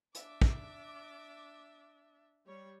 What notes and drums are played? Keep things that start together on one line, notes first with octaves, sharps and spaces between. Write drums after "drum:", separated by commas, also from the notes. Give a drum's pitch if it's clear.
D4 E5 D6, drum: hi-hat
drum: kick
G3 C#5